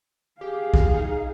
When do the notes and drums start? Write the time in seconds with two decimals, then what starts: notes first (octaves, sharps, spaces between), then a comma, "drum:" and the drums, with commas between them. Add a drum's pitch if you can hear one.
0.41 G4 G#4 F5
0.74 drum: kick
0.94 D#4